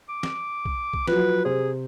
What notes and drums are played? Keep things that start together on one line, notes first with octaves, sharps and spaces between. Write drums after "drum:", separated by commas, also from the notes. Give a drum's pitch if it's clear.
D6
drum: snare
drum: kick B1
drum: kick B1
F3 F#3 B4, drum: snare
C3 G#4 C5